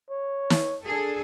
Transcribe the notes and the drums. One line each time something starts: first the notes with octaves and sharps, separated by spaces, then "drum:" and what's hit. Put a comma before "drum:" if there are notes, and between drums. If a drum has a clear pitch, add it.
C#5
drum: snare
D4 G#4 A4